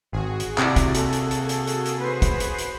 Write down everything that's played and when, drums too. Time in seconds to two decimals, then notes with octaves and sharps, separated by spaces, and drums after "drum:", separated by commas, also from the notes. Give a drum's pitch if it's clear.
0.13 G#1 F#4 G#4
0.40 drum: hi-hat
0.58 C3 E4 D5, drum: clap
0.76 drum: kick, hi-hat
0.95 A#3 A4, drum: hi-hat
1.13 drum: hi-hat
1.31 drum: hi-hat
1.49 drum: hi-hat
1.67 drum: hi-hat
1.86 drum: hi-hat
2.00 B4 C5
2.22 drum: kick, hi-hat
2.40 drum: hi-hat
2.59 drum: hi-hat